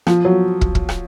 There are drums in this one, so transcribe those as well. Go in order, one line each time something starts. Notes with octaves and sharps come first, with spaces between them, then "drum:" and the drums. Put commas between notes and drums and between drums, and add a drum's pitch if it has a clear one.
F3, drum: rim click
F#3
drum: kick
drum: kick
drum: rim click